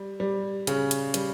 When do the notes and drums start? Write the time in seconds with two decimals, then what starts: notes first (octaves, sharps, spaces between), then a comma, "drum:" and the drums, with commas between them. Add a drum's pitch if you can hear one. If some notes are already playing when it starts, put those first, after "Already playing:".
Already playing: G3
0.20 G3
0.67 C#3, drum: hi-hat
0.91 drum: hi-hat
1.14 G3, drum: hi-hat